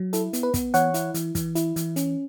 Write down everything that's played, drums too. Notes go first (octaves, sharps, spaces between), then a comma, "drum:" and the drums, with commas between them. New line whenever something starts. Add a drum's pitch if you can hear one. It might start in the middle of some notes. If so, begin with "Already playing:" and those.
Already playing: F#3
E4 A4, drum: hi-hat
B3, drum: hi-hat
B4
B3, drum: kick, hi-hat
E3 C#5 F#5, drum: hi-hat
E4, drum: hi-hat
E3, drum: hi-hat
E3, drum: kick, hi-hat
E4, drum: hi-hat
E3, drum: hi-hat
C#4, drum: hi-hat